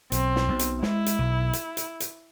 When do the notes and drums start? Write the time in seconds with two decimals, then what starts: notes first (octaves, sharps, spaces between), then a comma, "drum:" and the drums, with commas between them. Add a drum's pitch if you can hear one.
0.12 B1 C4, drum: hi-hat
0.36 drum: snare
0.48 B1
0.59 drum: hi-hat
0.83 G#3 E4, drum: snare
1.06 drum: hi-hat
1.19 B1
1.53 drum: hi-hat
1.77 drum: hi-hat
2.00 drum: hi-hat